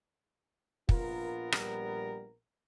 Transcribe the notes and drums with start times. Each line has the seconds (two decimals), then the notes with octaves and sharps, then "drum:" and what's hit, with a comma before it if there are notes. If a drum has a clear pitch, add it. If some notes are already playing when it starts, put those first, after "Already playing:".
0.89 A#1 B3 F4 A#4, drum: kick
1.52 G3, drum: rim click